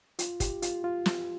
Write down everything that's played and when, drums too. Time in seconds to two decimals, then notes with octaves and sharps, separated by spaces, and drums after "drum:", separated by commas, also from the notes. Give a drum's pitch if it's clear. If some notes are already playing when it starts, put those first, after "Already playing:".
0.19 F4, drum: hi-hat
0.40 G4, drum: kick, hi-hat
0.62 F4, drum: hi-hat
0.84 F4
1.06 drum: snare